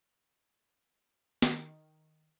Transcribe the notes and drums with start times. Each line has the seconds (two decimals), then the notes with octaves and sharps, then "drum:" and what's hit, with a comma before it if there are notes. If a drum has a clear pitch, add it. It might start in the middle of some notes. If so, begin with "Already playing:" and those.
1.42 D#3, drum: snare